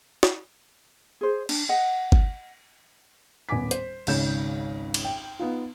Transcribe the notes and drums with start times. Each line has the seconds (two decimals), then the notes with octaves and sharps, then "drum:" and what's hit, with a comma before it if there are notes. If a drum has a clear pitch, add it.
0.23 drum: snare
1.21 G#4 C5
1.49 D4, drum: cymbal
1.69 D#5 F#5
2.12 drum: kick G1
3.49 D#1 B3 G#5 D6 B6
3.71 C5, drum: hi-hat
4.07 G#1 C#2 C#3 G6 E7, drum: cymbal
4.94 drum: cymbal
5.04 G5
5.39 B3 D#4 F4